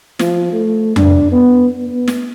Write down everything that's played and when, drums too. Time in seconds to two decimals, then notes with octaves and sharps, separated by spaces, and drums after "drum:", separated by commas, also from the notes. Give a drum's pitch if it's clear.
0.19 F3, drum: snare
0.52 A3
0.96 D4, drum: tom F2
1.32 B3
1.85 B3
2.08 drum: snare